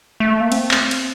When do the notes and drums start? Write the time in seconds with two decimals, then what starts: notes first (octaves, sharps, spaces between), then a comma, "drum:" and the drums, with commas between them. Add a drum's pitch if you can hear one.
0.20 A3
0.41 A#3
0.52 C4, drum: cymbal
0.71 drum: clap
0.91 drum: cymbal